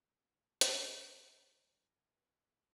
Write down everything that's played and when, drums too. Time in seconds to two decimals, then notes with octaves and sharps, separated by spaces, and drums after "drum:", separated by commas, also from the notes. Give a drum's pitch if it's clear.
0.61 drum: hi-hat
0.71 C4 D4
1.54 A#4 G#5
2.09 B4